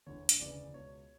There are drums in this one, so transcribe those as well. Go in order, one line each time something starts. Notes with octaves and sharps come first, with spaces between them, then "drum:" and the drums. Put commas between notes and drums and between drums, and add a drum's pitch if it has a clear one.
E1 D2 D3 C#5
drum: hi-hat
E1 D2 C#3 E3 D5
C#2 B2 C#5